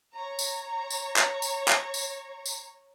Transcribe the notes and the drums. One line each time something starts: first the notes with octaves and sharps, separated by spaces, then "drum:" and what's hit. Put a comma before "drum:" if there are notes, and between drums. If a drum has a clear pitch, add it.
C#5 A#5
drum: tambourine
drum: tambourine
drum: clap
drum: tambourine
drum: clap
drum: tambourine
drum: tambourine